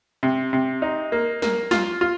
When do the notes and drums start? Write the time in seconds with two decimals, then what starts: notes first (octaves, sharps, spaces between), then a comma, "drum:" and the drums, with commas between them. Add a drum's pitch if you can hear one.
0.23 C3
0.53 C3
0.82 D#4
1.12 A#3
1.42 A#3, drum: snare F#3
1.71 F4, drum: snare F#3
2.01 F4